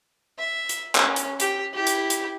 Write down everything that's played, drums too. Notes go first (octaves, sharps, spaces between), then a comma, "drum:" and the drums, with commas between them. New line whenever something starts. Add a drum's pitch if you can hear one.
E5
drum: hi-hat
C#4, drum: clap
drum: hi-hat
G4, drum: hi-hat
E4 G4
drum: hi-hat
drum: hi-hat